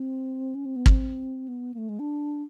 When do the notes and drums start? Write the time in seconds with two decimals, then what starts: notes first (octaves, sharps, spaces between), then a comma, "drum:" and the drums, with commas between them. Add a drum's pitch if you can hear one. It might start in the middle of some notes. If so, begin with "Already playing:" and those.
Already playing: C4
0.55 C#4
0.66 C4
0.76 B3
0.86 C4, drum: kick
1.48 B3
1.74 A#3
1.78 A3
1.89 G#3
1.99 D4